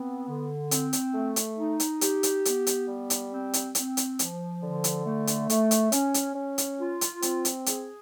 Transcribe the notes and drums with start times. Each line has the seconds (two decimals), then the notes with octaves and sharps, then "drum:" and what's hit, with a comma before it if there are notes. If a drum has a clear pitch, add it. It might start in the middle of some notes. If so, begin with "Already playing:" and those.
Already playing: B3 C4
0.27 D3
0.71 C4, drum: hi-hat
0.93 drum: hi-hat
1.15 A3
1.36 drum: hi-hat
1.58 D#4
1.80 drum: hi-hat
2.01 G4, drum: hi-hat
2.23 drum: hi-hat
2.45 B3, drum: hi-hat
2.67 drum: hi-hat
2.88 G3
3.10 drum: hi-hat
3.32 C4
3.53 drum: hi-hat
3.75 C4, drum: hi-hat
3.97 drum: hi-hat
4.19 F3, drum: hi-hat
4.63 D3
4.84 drum: hi-hat
5.06 A3
5.27 drum: hi-hat
5.50 A3, drum: hi-hat
5.71 drum: hi-hat
5.92 C#4, drum: hi-hat
6.14 drum: hi-hat
6.36 C#4
6.58 drum: hi-hat
6.80 F4
7.01 drum: hi-hat
7.22 C4, drum: hi-hat
7.45 drum: hi-hat
7.66 G#4, drum: hi-hat